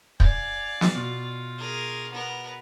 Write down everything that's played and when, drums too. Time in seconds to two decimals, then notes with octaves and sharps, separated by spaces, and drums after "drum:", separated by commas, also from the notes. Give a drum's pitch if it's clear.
0.20 D5 F5 G#5 G6, drum: kick
0.81 drum: snare
0.95 B2 F4
1.57 G#4 A#4
2.11 B3 A#4